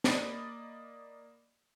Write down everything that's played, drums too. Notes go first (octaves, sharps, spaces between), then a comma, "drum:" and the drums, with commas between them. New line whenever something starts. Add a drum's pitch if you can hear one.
A#3 D5 D#5 B5 A6, drum: snare